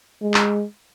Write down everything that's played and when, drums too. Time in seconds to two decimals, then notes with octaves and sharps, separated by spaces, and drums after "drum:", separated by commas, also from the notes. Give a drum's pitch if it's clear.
0.22 G#3
0.34 drum: clap